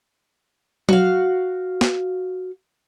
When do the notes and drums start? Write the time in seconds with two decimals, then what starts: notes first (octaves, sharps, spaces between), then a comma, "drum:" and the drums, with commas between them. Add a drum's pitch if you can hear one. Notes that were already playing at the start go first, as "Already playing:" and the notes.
0.89 F#4 F5, drum: tom F#3
1.81 drum: snare